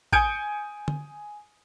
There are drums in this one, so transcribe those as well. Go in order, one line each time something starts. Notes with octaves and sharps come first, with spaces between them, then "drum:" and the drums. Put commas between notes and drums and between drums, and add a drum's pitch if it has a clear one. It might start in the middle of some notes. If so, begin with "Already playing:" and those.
G#5 D#6 G6 G#6 C#7 D7, drum: kick A1
drum: tom D3